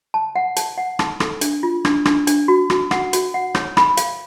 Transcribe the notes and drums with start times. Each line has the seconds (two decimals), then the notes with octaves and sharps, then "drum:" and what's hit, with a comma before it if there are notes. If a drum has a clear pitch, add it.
0.14 A5
0.36 F#5
0.56 A5, drum: hi-hat
0.78 F#5
0.99 A5, drum: rim click
1.20 A4, drum: rim click
1.41 D4, drum: hi-hat
1.63 F4
1.85 D4, drum: rim click
2.05 D4, drum: rim click
2.27 D4, drum: hi-hat
2.48 F#4
2.70 F#4, drum: rim click
2.91 F#5, drum: rim click
3.13 F#4, drum: hi-hat
3.34 F#5
3.55 C#5, drum: rim click
3.77 B5, drum: rim click
3.97 F5, drum: hi-hat